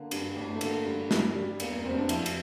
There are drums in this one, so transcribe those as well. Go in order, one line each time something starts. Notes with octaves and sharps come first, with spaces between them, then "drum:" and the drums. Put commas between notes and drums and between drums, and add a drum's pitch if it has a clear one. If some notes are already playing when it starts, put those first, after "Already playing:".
Already playing: D3 A#3
G2, drum: cymbal
A1
A3
D3 A#3, drum: cymbal
G2
G3, drum: snare
G3
E2 A#3, drum: cymbal
A#3
F1 C4
D4
F3 E4, drum: cymbal
drum: cymbal